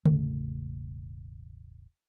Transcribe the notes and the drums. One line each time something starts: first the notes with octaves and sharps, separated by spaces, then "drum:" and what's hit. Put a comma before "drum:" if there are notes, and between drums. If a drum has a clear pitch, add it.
E1 A1 C#3 A3, drum: tom D3